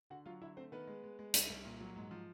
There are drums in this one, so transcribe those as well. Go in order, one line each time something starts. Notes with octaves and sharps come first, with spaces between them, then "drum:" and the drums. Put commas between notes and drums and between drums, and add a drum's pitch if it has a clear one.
D3 F#4 F#5
F#3 F4 F5
D3 E4 E5
A3 C4 C5
D#3 B3 B4
G#3
G#3
G#3
C2, drum: hi-hat
C2
A#2
F#3
G#2
F3